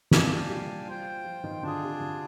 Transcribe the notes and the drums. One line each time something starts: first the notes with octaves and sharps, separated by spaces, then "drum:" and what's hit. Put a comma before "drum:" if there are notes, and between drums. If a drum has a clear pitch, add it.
A#2 D4 G4 D5 F5 G#5, drum: snare
C3
G3
F4 C5 G5
F3
D#3
D3 D4 F4 G#4
C3
D3